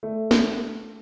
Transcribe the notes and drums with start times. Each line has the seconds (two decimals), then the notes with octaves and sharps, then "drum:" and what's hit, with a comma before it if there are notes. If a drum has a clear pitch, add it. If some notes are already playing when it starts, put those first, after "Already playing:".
0.03 A3
0.31 drum: snare